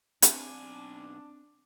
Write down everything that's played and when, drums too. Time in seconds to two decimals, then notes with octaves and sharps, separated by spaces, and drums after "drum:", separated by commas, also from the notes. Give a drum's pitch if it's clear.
0.22 B1 C4 D4 G#5, drum: hi-hat